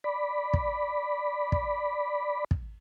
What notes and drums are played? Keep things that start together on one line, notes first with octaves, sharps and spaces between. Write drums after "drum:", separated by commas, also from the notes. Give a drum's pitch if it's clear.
D5 B5
drum: kick
drum: kick
drum: kick